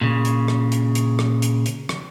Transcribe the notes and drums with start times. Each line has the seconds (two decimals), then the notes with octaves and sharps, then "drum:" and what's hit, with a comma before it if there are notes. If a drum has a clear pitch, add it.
0.01 A#2 C#3
0.25 drum: hi-hat
0.48 drum: rim click
0.72 drum: hi-hat
0.95 drum: hi-hat
1.19 drum: rim click
1.42 drum: hi-hat
1.66 drum: hi-hat
1.89 drum: rim click